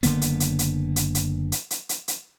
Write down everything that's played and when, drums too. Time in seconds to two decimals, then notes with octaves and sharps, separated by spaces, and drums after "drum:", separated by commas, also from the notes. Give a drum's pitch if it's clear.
0.03 F#1 D3 A#3 B3, drum: hi-hat
0.22 drum: hi-hat
0.40 drum: hi-hat
0.59 drum: hi-hat
0.96 drum: hi-hat
1.15 drum: hi-hat
1.52 drum: hi-hat
1.71 drum: hi-hat
1.89 drum: hi-hat
2.08 drum: hi-hat